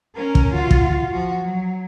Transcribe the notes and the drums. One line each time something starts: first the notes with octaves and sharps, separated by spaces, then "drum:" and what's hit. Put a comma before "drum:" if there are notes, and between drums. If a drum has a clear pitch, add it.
C#4 A#4
drum: kick
F4 F#4
drum: kick
F3 F#4
F#3